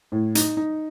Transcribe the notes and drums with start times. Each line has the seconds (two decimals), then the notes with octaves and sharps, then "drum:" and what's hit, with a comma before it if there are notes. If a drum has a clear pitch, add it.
0.12 A2
0.35 D#4, drum: hi-hat
0.57 D#4